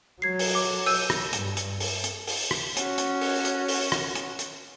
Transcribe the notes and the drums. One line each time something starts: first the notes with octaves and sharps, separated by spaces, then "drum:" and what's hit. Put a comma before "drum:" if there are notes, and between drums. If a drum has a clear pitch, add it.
F#3 G#6 C7
drum: open hi-hat
D6
E6 G6 D#7, drum: open hi-hat
drum: rim click
G2, drum: hi-hat
drum: hi-hat
drum: open hi-hat
drum: hi-hat
drum: open hi-hat
drum: rim click
C#4 F#4, drum: hi-hat
drum: hi-hat
drum: open hi-hat
drum: hi-hat
drum: open hi-hat
drum: rim click
drum: hi-hat
drum: hi-hat